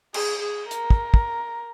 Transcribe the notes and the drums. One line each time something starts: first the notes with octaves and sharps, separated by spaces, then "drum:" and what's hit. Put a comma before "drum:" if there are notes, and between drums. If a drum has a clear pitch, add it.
G#4, drum: cymbal
G#4
A#4, drum: hi-hat
drum: kick
drum: kick